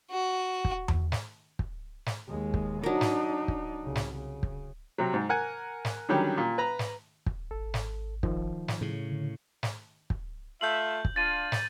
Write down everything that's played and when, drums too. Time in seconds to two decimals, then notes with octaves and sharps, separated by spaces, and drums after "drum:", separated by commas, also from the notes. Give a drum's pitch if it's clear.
0.11 F#4
0.65 drum: kick
0.88 drum: tom E2
1.12 drum: snare
1.59 drum: kick
2.06 drum: snare
2.28 D#2 G#3
2.54 drum: kick
2.83 F#3 D4 D#4 A#4
3.01 drum: snare
3.48 drum: kick
3.83 C2 C#3
3.96 drum: snare
4.15 C#3
4.43 drum: kick
4.98 C3 F#3
5.14 G#2
5.29 A#4 F#5 G#5
5.85 drum: snare
6.09 D3 D#3 F#3 G3 C#4 G4
6.38 A#2
6.58 B4 A#5
6.79 drum: snare
7.26 drum: kick
7.51 G#1 A4
7.74 drum: snare
8.23 D#3 F3, drum: kick
8.68 drum: snare
8.81 A2 C#3
9.12 D3
9.63 drum: snare
10.10 drum: kick
10.61 A3 F4 E5 G6 F#7
11.05 drum: kick
11.16 D4 F4 A6 D#7
11.52 drum: snare